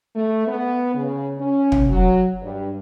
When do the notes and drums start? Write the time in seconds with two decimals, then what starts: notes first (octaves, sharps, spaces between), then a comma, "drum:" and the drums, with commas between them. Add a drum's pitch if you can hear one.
0.16 A3
0.47 B3
0.95 C#3
1.39 C#4
1.72 drum: tom
1.89 F#3
2.43 G2